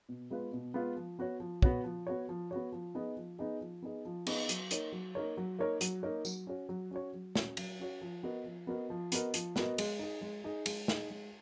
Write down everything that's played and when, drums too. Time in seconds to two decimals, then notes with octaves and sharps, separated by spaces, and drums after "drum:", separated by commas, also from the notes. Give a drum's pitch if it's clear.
0.09 B2
0.30 G#3 B3 F4 B4
0.53 B2
0.74 G#3 B3 F4 B4
0.97 F3
1.19 B3 F#4 C#5
1.40 F3
1.62 B3 F#4 C#5, drum: kick
1.84 F3
2.07 B3 F#4 C#5
2.29 F3
2.51 B3 F#4 C#5
2.73 F3
2.95 B3 D#4 G#4 D#5
3.17 F3
3.39 B3 D#4 G#4 D#5
3.61 F3
3.82 B3 D#4 G#4 D#5
4.05 F3
4.27 B3 D#4 G#4 D#5, drum: cymbal
4.49 F#3, drum: hi-hat
4.71 A#3 D#4 A#4 C#5, drum: hi-hat
4.92 F#3
5.15 A#3 D#4 A#4 C#5
5.37 F#3
5.59 A#3 D#4 A#4 C#5
5.81 F#3, drum: hi-hat
6.03 A#3 D#4 A#4 C#5
6.25 F#3, drum: tambourine
6.47 C#4 F#4 C#5
6.69 F#3
6.91 C#4 F#4 C#5
7.14 F#3
7.35 C#4 F#4 C#5, drum: snare
7.57 F#3, drum: cymbal
7.79 C#4 F#4 C#5
8.02 F3
8.23 B3 F#4 A#4 D#5
8.46 F3
8.67 B3 F#4 A#4 D#5
8.90 F3
9.12 B3 F#4 A#4 D#5, drum: hi-hat
9.34 F3, drum: hi-hat
9.56 B3 F#4 A#4 D#5, drum: snare
9.78 G#3, drum: cymbal
9.99 D#4 G#4
10.22 G#3
10.44 D#4 G#4
10.66 G#3, drum: cymbal
10.88 D#4 G#4, drum: snare
11.10 G#3